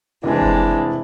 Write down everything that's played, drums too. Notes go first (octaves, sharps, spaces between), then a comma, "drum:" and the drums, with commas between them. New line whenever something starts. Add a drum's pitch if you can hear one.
F1 C3 E3 G#3 D4 E4
drum: kick F#1